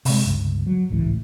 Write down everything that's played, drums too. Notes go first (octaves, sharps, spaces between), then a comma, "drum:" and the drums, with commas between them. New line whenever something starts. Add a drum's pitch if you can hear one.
C3 G#3, drum: open hi-hat
G1 C#2
F#3
G#1 C#2 A2 E3